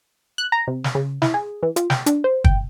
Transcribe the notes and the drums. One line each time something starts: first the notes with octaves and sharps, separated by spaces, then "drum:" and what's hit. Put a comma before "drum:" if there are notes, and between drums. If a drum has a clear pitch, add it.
F#6
A#5
C3
drum: snare
C#3
E4, drum: snare
G#4
E3
F4, drum: hi-hat
G5, drum: snare
D4, drum: hi-hat
C5
G5, drum: kick